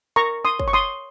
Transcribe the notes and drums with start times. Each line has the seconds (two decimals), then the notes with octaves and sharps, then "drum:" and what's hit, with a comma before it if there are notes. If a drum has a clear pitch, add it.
0.16 A#4 A#5 C#6
0.45 C6 D#6
0.60 C#5, drum: kick
0.68 C#6
0.73 C6 D#6